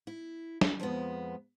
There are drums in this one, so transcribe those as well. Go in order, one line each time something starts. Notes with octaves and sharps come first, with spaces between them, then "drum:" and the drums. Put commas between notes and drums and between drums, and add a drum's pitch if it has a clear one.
E4
drum: snare
F2 F3 G#3 B3